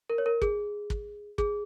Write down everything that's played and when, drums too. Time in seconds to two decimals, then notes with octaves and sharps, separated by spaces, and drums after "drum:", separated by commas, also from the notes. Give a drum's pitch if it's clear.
0.10 A#4
0.18 C#5
0.26 A#4
0.42 G#4, drum: kick
0.90 drum: kick
1.38 G#4, drum: kick